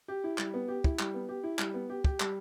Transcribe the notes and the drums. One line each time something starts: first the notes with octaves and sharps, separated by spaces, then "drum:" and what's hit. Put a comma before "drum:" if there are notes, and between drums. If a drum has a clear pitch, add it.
G4
E4
G3, drum: clap
B3
G4
E4, drum: kick
G3, drum: clap
B3
G4
E4
G3, drum: clap
B3
G4
G4, drum: kick
G3, drum: clap